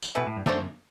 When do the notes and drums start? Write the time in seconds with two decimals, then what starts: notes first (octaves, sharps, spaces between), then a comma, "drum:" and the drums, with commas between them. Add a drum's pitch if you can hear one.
0.02 drum: tambourine
0.15 B2 E3 A3 E4 B4
0.27 A2
0.37 G2
0.46 F#2 A3 D4 F#4 C5, drum: snare